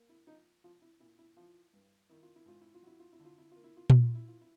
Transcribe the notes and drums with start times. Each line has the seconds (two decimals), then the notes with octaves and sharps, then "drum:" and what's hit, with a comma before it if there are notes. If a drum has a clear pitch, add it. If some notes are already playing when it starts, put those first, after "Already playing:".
Already playing: A#3
0.09 E4
0.27 F3 D#4
0.64 F3 F4
0.82 E4
1.00 A#2 E4
1.19 E4
1.37 E3 F3 F4
1.73 G2
2.09 D#3 E4
2.23 F4
2.36 E4
2.46 G#2 F4
2.61 E4
2.74 F4
2.83 F#3 E4
3.00 F4
3.13 E4
3.19 D3
3.25 F4
3.38 E4
3.51 A#3 F4
3.64 E4
3.77 F4
3.90 F#3 E4, drum: tom A#2
4.03 F4
4.15 E4
4.28 E3 F4
4.41 E4